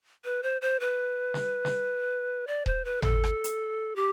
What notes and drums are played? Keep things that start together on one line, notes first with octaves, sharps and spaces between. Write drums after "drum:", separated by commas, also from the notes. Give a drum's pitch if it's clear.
B4
C5
C5
B4
drum: snare
drum: snare
D5
C5, drum: kick D#1
B4
A4, drum: tom G#1
drum: rim click
drum: hi-hat
G4